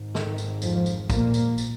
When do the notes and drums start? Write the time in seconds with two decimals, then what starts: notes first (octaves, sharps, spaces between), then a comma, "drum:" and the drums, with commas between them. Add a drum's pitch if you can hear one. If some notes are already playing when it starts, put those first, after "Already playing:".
Already playing: G#1 G#2
0.15 D#3, drum: snare
0.38 drum: tambourine
0.62 F2 F3, drum: tambourine
0.86 drum: tambourine
1.10 A#2 A#3, drum: kick, tambourine
1.34 drum: tambourine
1.58 drum: tambourine